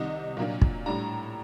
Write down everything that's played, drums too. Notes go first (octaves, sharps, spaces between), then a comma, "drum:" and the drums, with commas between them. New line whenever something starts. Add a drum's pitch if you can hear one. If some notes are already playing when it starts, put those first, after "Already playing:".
Already playing: C2 C3 D#3 D#5
A#2 F#3 A#3 D4
drum: kick
A2 G3 D4 A#5